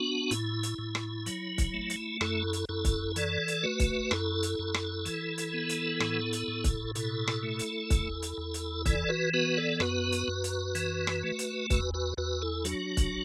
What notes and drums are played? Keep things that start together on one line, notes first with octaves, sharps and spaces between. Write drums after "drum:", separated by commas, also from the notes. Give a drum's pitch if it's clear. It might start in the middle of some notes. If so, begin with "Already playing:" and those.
Already playing: B3 D4 F#4
A2 E4, drum: hi-hat
drum: hi-hat
A2
drum: rim click
F#3, drum: hi-hat
drum: kick, hi-hat
A3
drum: hi-hat
F#2 E4 A4, drum: rim click
drum: hi-hat
F#2 E4 A4
drum: kick, hi-hat
E3 A4 D5, drum: hi-hat
drum: hi-hat
A3 F#4 B4
drum: kick, hi-hat
F#2 E4 A4, drum: rim click
drum: hi-hat
F#2
drum: rim click
E3, drum: hi-hat
drum: hi-hat
B3
drum: hi-hat
A2, drum: rim click
drum: hi-hat
A2
drum: kick, hi-hat
B2 E4 A4, drum: hi-hat
drum: rim click
A3
drum: hi-hat
E2, drum: kick, hi-hat
drum: hi-hat
E2
drum: hi-hat
E3 A4 D5, drum: kick, hi-hat
F#4 B4
B3 F#4 B4
A4 D5
F#2 F#4 B4, drum: rim click
drum: hi-hat
F#2
drum: hi-hat
E3, drum: hi-hat
drum: rim click
A3
drum: hi-hat
E2 F#4 B4, drum: kick, hi-hat
F#4 B4
E2 F#4 B4
E4 A4
F#3 D4 F#4, drum: hi-hat
drum: kick, hi-hat